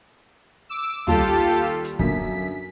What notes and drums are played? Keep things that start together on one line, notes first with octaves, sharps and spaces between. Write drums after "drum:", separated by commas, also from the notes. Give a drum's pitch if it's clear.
D6 E6
D#2 G3 F4 G4 A4 A5, drum: tom
drum: hi-hat
F#2 D3 A#3 B6, drum: kick